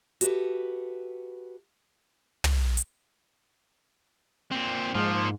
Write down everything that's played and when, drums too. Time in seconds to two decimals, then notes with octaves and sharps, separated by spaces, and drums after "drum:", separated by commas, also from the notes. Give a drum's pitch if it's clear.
0.21 F#4 G4 A4 B4 E5, drum: hi-hat
2.44 drum: tom
2.77 drum: hi-hat
4.52 A#2 C4
4.95 G#2 F3 A#3 F4